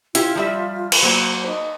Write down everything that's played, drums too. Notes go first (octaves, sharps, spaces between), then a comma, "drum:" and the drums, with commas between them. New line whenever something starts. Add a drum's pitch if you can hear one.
E4 F4 G4, drum: hi-hat
F3 G3 E5
drum: cymbal
F#3 A#3 C5
D#4